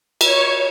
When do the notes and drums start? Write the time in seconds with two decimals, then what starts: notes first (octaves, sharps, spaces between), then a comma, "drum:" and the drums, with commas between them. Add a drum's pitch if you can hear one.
0.21 C#5, drum: cymbal